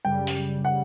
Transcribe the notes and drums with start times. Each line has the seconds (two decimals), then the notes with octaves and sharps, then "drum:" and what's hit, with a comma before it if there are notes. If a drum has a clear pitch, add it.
0.05 F#2 C#3 G3 G5
0.27 drum: open hi-hat
0.65 C#3 G3 F#5